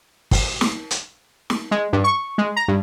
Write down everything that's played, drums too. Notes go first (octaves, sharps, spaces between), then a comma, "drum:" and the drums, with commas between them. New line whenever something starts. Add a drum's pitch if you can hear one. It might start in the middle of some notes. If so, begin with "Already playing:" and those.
drum: kick, open hi-hat
drum: snare
drum: hi-hat
drum: snare
G#3
G2
C#6
G#3
A#5
G2